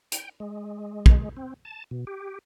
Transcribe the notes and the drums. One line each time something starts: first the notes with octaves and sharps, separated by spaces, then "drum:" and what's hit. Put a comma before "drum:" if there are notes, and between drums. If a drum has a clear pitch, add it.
G5, drum: hi-hat
G#3
drum: kick
C4
A5
B2
G4